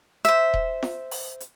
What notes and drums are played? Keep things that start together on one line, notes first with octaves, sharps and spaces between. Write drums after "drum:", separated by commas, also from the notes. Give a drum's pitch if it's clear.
C5 E5, drum: hi-hat
drum: kick D#1
drum: snare F4
drum: open hi-hat
drum: hi-hat